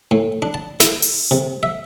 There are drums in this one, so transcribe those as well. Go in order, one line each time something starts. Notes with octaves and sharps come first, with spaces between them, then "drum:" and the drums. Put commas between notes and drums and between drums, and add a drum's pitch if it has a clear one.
A2
D4
A5
E4, drum: snare
drum: open hi-hat
C3
E5